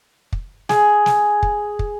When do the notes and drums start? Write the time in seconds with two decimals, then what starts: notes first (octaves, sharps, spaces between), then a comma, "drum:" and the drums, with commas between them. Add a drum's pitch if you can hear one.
0.33 drum: kick
0.69 G#4, drum: snare
1.06 drum: snare
1.43 drum: kick
1.79 drum: kick